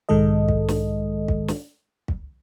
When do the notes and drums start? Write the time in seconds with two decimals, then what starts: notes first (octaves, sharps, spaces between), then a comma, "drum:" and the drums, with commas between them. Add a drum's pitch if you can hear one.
0.09 B1 G#2 D#3 G#3 A4 D#5
0.49 drum: kick
0.68 drum: snare
1.28 drum: kick
1.48 drum: snare
2.08 drum: kick